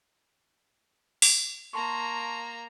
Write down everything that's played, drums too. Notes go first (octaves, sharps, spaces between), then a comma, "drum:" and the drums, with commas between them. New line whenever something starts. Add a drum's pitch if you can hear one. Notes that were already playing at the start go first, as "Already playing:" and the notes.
drum: open hi-hat
A#3 A5 A#5 C6 C#6